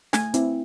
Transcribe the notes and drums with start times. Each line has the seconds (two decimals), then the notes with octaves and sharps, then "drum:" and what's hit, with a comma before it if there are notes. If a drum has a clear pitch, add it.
0.13 A3 G#5, drum: snare
0.34 C4 E4, drum: hi-hat